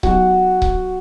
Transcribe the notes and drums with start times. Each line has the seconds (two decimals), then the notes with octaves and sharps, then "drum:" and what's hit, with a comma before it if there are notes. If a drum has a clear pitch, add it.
0.03 F#3 B3 D#4 F#4 G4, drum: kick C#1
0.62 drum: kick C#1